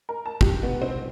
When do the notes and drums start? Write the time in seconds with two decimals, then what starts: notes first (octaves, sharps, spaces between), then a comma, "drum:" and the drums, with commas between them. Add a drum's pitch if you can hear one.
0.09 A#4
0.26 A5
0.41 G4, drum: kick
0.63 B3
0.82 C4